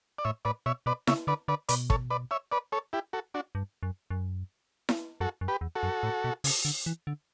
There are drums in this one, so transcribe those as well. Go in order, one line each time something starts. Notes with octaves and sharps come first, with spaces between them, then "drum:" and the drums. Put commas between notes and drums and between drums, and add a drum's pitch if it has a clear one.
D5
A2 C#5 E5
A2 B4 D5
B2 C#5 E5
B2 B4 D5
C#3 C#5 E5, drum: snare E4
D3 B4 D5
D3 B4 D5
B2 B4 D5, drum: hi-hat
A4 C#5, drum: kick
B4 D5
C#5 E5
B4 D5
A4 C#5
E4 G4
F#4 A4
D4 F#4
G2
F#2
F#2
drum: snare E4
F#2 F#4 A4
F#2
G4 B4
E2
F#4 A4
F#2
A2
B2
C#3, drum: open hi-hat
D3
E3
D3